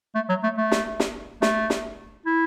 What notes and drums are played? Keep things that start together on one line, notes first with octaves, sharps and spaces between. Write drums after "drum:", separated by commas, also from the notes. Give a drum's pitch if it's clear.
A3
F#3
A3
A3
drum: snare
drum: snare
A3, drum: snare
drum: snare
E4